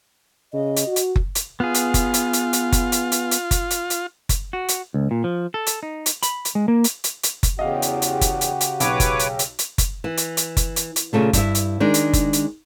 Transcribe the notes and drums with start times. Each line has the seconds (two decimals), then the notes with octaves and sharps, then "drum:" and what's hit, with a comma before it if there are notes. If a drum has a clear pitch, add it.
0.53 C#3 D#5
0.76 drum: hi-hat
0.87 F#4
0.96 drum: hi-hat
1.16 drum: kick F#1
1.35 drum: hi-hat
1.60 B3 F4 G#4
1.74 drum: hi-hat
1.94 drum: kick F#1, hi-hat
2.14 drum: hi-hat
2.33 drum: hi-hat
2.53 drum: hi-hat
2.72 drum: kick F#1, hi-hat
2.92 drum: hi-hat
3.12 drum: hi-hat
3.31 drum: hi-hat
3.51 drum: kick F#1, hi-hat
3.70 drum: hi-hat
3.90 drum: hi-hat
4.29 drum: kick F#1, hi-hat
4.53 F#4
4.68 drum: hi-hat
4.94 C#2
5.11 A#2
5.24 F3
5.54 A4
5.66 drum: hi-hat
5.83 D#4
6.06 drum: hi-hat
6.23 B5, drum: hi-hat
6.45 drum: hi-hat
6.55 G#3
6.68 A#3
6.84 drum: hi-hat
7.04 drum: hi-hat
7.23 drum: hi-hat
7.43 drum: kick F#1, hi-hat
7.59 E2 C#3 F#4 G4 D#5 F5
7.82 drum: hi-hat
8.02 drum: hi-hat
8.21 drum: kick F#1, hi-hat
8.41 drum: hi-hat
8.61 drum: hi-hat
8.80 B1 B4 C#5 D6, drum: hi-hat
9.00 drum: kick F#1, hi-hat
9.19 drum: hi-hat
9.39 drum: hi-hat
9.59 drum: hi-hat
9.78 drum: kick F#1, hi-hat
10.04 E3
10.17 drum: hi-hat
10.37 drum: hi-hat
10.57 drum: kick F#1, hi-hat
10.76 drum: hi-hat
10.96 drum: hi-hat
11.13 A#2 C#3 A3 F4
11.33 G2 E4 E5, drum: kick F#1, hi-hat
11.55 drum: hi-hat
11.80 D#3 G#3 D4
11.94 drum: hi-hat
12.13 drum: kick F#1, hi-hat
12.33 drum: hi-hat